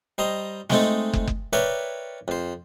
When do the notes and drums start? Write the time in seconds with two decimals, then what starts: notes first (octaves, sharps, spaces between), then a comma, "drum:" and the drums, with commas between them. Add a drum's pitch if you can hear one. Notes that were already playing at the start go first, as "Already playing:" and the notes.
0.18 G3 C5 D#5 A#5
0.70 G#3 A3 C4 D#4 A4, drum: snare
1.13 drum: kick
1.27 drum: kick
1.53 A#4 B4 C#5 D5 E5 G5
2.28 F2 C5